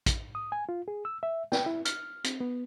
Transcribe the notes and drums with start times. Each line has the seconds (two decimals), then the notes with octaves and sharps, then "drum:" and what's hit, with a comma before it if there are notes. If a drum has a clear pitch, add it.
0.06 drum: kick, hi-hat
0.35 D#6
0.52 G#5
0.69 F4
0.88 G#4
1.05 E6
1.23 E5
1.52 G5, drum: snare
1.66 E4
1.85 F6, drum: hi-hat
2.24 C4, drum: hi-hat
2.40 B3